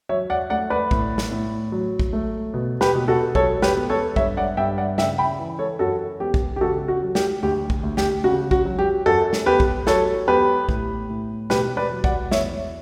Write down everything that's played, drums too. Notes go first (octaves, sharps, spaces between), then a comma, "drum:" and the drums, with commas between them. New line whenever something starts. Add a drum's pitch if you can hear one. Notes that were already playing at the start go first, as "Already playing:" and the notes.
F#3 C#5 E5
D5 F#5
A3 D5 F#5
B4 D5
A2, drum: kick
drum: snare
A2
F#3
drum: kick
A3
B2
G4 B4, drum: snare
B2
F#4 A4
F#3 A4 C#5, drum: kick
G4 B4, drum: snare
B3
A4 C#5
G2 C#5 E5, drum: kick
D5 F#5
G2 E5 G5
D5 F#5
C#3 E5 G5, drum: snare
G5 B5
E3
A4 C#5
F#2 F#4 A4
B3 G4
drum: kick
G4
C#3 F#4 A4
F#4
F#3
G4, drum: snare
D2 G4
drum: kick
D2
G4, drum: snare
C#3 F#4
F#4, drum: kick
F#3
G4
F#2 F#4 A4
drum: snare
B3 G4 B4
drum: kick
F#3 A4 C#5, drum: snare
B3 G4 B4
A2, drum: kick
A2
B2 G4 B4, drum: snare
B4 D5
F#3
D5 F#5, drum: kick
E2 C#5 E5, drum: snare